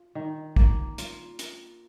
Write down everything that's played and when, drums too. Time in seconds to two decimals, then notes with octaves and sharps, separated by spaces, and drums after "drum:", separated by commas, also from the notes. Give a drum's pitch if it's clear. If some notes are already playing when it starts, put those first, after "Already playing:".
Already playing: F4
0.15 D#3
0.56 A#3, drum: kick
0.98 F4, drum: hi-hat
1.39 drum: hi-hat